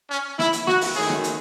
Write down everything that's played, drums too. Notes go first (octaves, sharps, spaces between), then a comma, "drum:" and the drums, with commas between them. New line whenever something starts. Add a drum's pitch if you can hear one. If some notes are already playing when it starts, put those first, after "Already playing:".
C#4
E4, drum: snare
drum: hi-hat
F#4, drum: snare
drum: open hi-hat
F#2 D#3 F#3 A3 G#4
drum: snare
drum: hi-hat